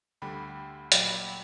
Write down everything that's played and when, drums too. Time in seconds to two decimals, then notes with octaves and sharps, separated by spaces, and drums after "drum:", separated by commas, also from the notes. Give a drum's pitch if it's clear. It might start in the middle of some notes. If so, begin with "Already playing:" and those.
0.22 D2 D3 G3 G5 B5
0.92 A#2 F#3 G5 B5, drum: hi-hat